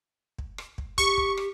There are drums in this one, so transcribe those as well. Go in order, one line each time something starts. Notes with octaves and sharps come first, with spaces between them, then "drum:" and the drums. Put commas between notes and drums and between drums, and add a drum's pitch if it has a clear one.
drum: kick
drum: rim click
drum: kick
G4 C#6, drum: kick, hi-hat
drum: kick
drum: rim click